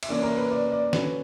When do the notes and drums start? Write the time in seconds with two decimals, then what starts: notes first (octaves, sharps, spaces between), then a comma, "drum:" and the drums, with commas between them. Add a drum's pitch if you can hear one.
0.03 E5, drum: cymbal
0.09 E3 A#3 C#4 D5
0.23 A#4
0.37 B4
0.51 D5
0.72 D5
0.93 D3 F#3 C#4 B4, drum: snare